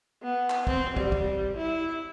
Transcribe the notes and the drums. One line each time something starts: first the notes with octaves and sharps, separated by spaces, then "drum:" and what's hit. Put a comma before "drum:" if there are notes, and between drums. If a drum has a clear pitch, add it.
B3
drum: clap
C4, drum: kick
G3, drum: kick
drum: kick
E4